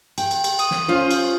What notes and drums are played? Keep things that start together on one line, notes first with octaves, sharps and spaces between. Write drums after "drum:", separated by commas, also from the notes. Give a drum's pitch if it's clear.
G5, drum: cymbal
drum: cymbal
drum: cymbal
D#6, drum: cymbal
drum: snare
C#4 F4 C5
drum: cymbal